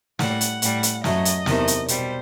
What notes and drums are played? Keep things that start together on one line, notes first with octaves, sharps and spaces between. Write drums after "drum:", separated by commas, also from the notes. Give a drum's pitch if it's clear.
A2 G3 F#5, drum: snare
drum: hi-hat
A2 G3, drum: hi-hat
drum: hi-hat
F#2 F#3 A3 D#5, drum: snare
drum: hi-hat
E2 C3 D#3 A3, drum: snare
drum: hi-hat
B2 G3 C5, drum: hi-hat